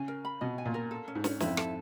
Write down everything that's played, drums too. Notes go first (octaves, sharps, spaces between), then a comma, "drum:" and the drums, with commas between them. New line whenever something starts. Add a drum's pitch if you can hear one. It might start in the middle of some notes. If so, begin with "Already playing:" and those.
Already playing: C#3 G#5
A#4
B5
B2 D#5
G#5
A#2
A#4
A4
C#4
G#2
C#4, drum: snare
F2 E4, drum: snare
A4, drum: rim click